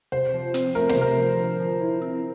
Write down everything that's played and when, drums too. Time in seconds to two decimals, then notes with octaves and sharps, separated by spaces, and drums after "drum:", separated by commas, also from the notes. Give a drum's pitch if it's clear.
0.12 C3 C5
0.34 F3
0.54 C4, drum: hi-hat
0.75 A3 A#4
0.89 C5, drum: snare
0.97 C3 A#4
1.17 F3
1.39 D3
1.60 F3
1.81 E4
2.02 C4